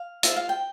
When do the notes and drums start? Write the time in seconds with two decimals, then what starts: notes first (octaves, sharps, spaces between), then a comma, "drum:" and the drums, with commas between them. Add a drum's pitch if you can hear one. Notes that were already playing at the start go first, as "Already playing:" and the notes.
Already playing: F5
0.23 F4 C5 E5, drum: hi-hat
0.36 F5
0.49 G5